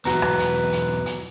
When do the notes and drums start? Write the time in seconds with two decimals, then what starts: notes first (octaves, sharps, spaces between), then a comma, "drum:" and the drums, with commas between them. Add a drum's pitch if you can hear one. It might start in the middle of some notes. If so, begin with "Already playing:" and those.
0.05 B1 E2 F#4 B4 A#5, drum: hi-hat
0.22 drum: rim click
0.39 drum: hi-hat
0.72 drum: hi-hat
1.06 drum: hi-hat